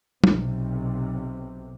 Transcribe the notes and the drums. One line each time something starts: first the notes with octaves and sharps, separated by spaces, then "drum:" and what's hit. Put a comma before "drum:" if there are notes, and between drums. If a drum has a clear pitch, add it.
B1 C3, drum: tom